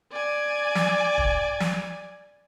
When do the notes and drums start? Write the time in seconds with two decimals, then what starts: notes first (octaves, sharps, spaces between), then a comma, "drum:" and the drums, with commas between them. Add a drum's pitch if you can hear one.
0.12 D5 G#5
0.75 drum: snare
1.18 drum: kick
1.60 drum: snare